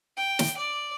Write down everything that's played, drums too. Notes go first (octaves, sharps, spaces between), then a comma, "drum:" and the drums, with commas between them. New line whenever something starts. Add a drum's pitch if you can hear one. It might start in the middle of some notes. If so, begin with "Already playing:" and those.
G5
drum: snare
D5